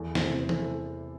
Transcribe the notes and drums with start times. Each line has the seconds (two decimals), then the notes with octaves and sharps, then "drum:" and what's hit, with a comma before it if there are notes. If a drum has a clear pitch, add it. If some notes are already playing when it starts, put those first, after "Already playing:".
Already playing: E2 A4
0.15 C5, drum: snare
0.20 C3 E3 A3 A4
0.40 C5
0.49 E2 A4, drum: tom E3
0.64 A4